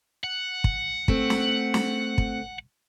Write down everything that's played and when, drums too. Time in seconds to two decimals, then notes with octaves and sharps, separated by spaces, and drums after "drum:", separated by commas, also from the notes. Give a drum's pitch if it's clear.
0.24 F#5
0.64 drum: kick
1.08 A3 C4, drum: kick
1.30 drum: snare
1.74 drum: snare
2.18 drum: kick